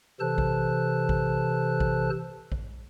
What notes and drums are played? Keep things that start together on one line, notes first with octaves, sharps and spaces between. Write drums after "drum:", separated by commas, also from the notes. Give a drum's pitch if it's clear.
C3 E3 A4 C5 A5 F#6
drum: kick A#1
drum: kick A#1
drum: kick A#1
drum: kick A#1